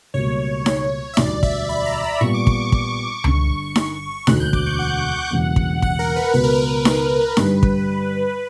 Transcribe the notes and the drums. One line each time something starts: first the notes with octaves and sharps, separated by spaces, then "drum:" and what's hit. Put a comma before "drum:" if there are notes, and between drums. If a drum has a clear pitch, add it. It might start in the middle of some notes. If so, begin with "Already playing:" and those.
C#2 B2 G3 A#3 C#5
drum: snare D#4
E5
E1 D2 D3 G3 D5, drum: snare D#4
E5, drum: kick
B5
A#5
B5
A#2 G3 B3 C#6
D6
C#6, drum: kick
drum: kick
G1 G2 D3, drum: tom C#2
drum: snare D#4
E1 D2 D3 F#6, drum: snare D#4
G6
D6, drum: kick
C#6
F#5
E1 E2 C#3 G3 A#3
drum: kick
F#5, drum: kick
A#4
B4
C#2 B2 F#3 B3 B4
A#4
B4
drum: snare D#4
G2 D3 G3 B4, drum: snare D#4
drum: kick